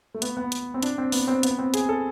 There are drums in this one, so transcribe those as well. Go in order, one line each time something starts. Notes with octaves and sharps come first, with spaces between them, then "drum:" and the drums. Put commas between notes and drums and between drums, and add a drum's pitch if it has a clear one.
A3
B3, drum: hi-hat
B3
drum: hi-hat
C4
D4, drum: hi-hat
C4
B3, drum: open hi-hat
C4
B3, drum: hi-hat
C4
G#4, drum: hi-hat
A4